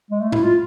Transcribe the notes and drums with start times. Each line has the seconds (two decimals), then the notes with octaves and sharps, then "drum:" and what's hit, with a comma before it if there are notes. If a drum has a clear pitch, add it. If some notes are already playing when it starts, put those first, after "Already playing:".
0.11 G#3
0.21 A3
0.32 E4, drum: tom A2
0.43 F4